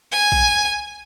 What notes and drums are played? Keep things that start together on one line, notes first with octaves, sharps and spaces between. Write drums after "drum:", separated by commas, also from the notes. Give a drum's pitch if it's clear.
G#5
drum: kick A#1